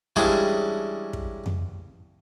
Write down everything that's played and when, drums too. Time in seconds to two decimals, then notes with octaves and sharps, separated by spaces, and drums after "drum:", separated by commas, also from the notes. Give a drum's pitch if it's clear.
0.16 C#3 E3 G3 G#3 D4 G#4, drum: kick
1.13 drum: kick
1.46 drum: tom F2